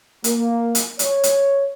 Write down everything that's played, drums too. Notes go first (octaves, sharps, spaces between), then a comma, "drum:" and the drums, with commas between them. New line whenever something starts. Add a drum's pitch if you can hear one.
A#3, drum: hi-hat
drum: hi-hat
C#5, drum: hi-hat
drum: hi-hat